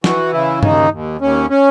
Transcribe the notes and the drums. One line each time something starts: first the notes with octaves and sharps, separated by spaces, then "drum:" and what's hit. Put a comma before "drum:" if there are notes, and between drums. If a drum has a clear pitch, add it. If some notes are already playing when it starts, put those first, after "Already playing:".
E3 F#4, drum: snare
C#3 E4
D#2 D#4, drum: tom G2
D#2
D#2 C#4
C#4